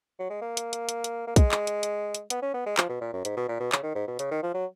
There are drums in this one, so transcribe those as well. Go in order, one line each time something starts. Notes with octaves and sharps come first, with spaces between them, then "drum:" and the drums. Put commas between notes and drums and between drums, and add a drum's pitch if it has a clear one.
F#3
G#3
A#3
drum: hi-hat
drum: hi-hat
drum: hi-hat
drum: hi-hat
A#3
G#3, drum: kick, hi-hat
drum: clap
drum: hi-hat
drum: hi-hat
drum: hi-hat
B3, drum: hi-hat
C#4
B3
G#3
F3, drum: clap
B2
A#2
F#2
G#2, drum: hi-hat
B2
A#2
B2
C#3, drum: clap
D#3
G#2
B2
C#3, drum: hi-hat
D#3
F3
F#3